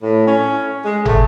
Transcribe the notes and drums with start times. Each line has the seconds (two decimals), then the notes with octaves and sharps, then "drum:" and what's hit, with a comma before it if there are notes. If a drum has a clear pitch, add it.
0.02 A2
0.27 C#4
0.84 G#3
1.05 A3, drum: tom